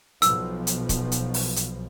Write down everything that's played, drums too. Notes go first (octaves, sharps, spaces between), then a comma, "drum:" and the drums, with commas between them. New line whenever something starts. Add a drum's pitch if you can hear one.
B1 B2 F3 E6, drum: hi-hat
drum: hi-hat
drum: kick C#1, hi-hat
drum: hi-hat
drum: open hi-hat
drum: hi-hat